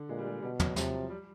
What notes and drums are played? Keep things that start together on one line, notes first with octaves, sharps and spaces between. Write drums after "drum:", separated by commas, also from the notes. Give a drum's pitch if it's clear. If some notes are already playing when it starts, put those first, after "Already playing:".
Already playing: D3
A#2 G#3
G3
G#3
B2 G3
F#3, drum: tom
C3 F3, drum: snare
G3